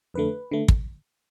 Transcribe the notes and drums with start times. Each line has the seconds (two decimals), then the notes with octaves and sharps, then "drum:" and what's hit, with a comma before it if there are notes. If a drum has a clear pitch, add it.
0.14 F2 D3 A3 B4
0.51 D3 A3
0.68 drum: kick